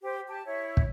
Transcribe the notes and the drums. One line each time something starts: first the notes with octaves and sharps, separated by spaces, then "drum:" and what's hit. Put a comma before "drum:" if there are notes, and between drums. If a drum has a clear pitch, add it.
G4 C5
G4 A5
E4 C#5
drum: kick